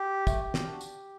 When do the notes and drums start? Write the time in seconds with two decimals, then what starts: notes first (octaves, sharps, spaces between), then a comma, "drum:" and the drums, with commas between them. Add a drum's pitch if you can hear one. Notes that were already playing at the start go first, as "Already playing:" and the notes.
Already playing: G4
0.27 A3, drum: kick, tambourine
0.54 drum: snare
0.67 D4 F#4
0.81 drum: tambourine